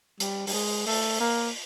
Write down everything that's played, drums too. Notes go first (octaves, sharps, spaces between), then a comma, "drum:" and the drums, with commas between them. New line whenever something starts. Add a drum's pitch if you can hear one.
G3, drum: hi-hat
G3, drum: open hi-hat
G#3
A3, drum: open hi-hat
A#3